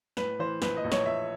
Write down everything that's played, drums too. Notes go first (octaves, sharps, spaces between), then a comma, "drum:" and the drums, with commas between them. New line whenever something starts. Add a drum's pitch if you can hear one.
A2 B4, drum: snare
E3 C5
A#1 B4, drum: snare
D#5
A#1
C#5, drum: snare
A#1 E5